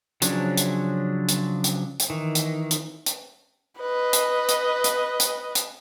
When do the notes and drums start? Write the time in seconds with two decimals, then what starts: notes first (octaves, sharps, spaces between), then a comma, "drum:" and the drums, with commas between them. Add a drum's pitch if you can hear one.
0.22 C#3 F3 F#3 C#4 D4, drum: hi-hat
0.57 drum: hi-hat
1.28 drum: hi-hat
1.64 drum: hi-hat
1.99 drum: hi-hat
2.10 D#3 E3
2.35 drum: hi-hat
2.71 drum: hi-hat
3.06 drum: hi-hat
3.81 B4 D#5
4.13 drum: hi-hat
4.48 drum: hi-hat
4.84 drum: hi-hat
5.20 drum: hi-hat
5.55 drum: hi-hat